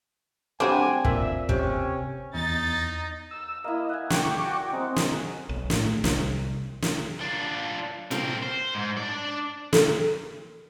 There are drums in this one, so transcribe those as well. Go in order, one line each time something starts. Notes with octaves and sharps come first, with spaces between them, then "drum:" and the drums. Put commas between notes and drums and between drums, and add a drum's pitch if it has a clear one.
G3 C4 D4 F#4 G#5
A#2 E5, drum: kick
C3 C#4, drum: kick
E2 D#4 A6
E6
A#3 E4 D#5
F#5 G#5
G5 C#6 D6, drum: snare
F#4 D5
G#3 C4 D#4
drum: snare
B1
A2, drum: snare
C2, drum: snare
drum: snare
D4 F4
C4 A#4, drum: tom A#2
C5
G#2
D4 D5
A4, drum: snare